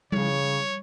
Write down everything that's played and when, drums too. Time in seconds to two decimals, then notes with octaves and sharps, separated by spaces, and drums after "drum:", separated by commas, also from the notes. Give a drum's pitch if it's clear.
0.12 C#3 C#5, drum: tom G3